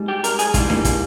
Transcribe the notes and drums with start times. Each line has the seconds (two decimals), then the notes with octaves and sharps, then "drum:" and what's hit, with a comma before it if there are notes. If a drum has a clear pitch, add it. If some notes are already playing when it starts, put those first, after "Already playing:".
Already playing: G#2 G3
0.08 G4
0.24 A#4, drum: hi-hat
0.39 G#4, drum: hi-hat
0.54 G#2 E3 G3 F4, drum: kick, hi-hat
0.70 A#3, drum: snare D4
0.85 A#3, drum: kick, hi-hat